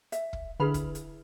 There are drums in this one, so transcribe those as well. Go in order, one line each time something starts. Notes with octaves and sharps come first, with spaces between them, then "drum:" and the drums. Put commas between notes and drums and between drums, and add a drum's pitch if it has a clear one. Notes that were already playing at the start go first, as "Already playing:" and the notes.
E5, drum: hi-hat
drum: kick
D3 E4 G#4 B4 B5 F6
drum: kick, hi-hat
drum: hi-hat